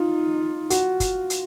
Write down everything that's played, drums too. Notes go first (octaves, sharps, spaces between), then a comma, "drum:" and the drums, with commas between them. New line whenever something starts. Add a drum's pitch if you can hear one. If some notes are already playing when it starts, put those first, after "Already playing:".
Already playing: D#4 F4
F#4, drum: hi-hat
drum: kick, hi-hat
drum: hi-hat